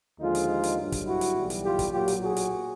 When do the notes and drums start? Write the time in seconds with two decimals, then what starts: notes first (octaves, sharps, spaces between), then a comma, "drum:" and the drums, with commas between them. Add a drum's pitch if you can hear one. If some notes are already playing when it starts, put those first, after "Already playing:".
0.20 D#2 D3 F3 G#3 D#4 F4
0.35 drum: hi-hat
0.64 drum: hi-hat
0.77 G2 D3 F#3
0.92 drum: kick, hi-hat
1.07 E4 F#4
1.21 drum: hi-hat
1.36 B1 A2 E3 G3
1.50 drum: hi-hat
1.64 F4 G4
1.79 drum: kick, hi-hat
1.93 B1 A#2 F#3 F4 G4
2.08 drum: hi-hat
2.22 F#4 G#4
2.36 drum: hi-hat